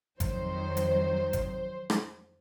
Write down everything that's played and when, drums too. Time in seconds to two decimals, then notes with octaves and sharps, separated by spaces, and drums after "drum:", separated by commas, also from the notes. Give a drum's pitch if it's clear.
0.20 F2 D#3 F#3 C5, drum: kick, hi-hat
0.77 drum: hi-hat
1.33 drum: kick, hi-hat
1.90 drum: rim click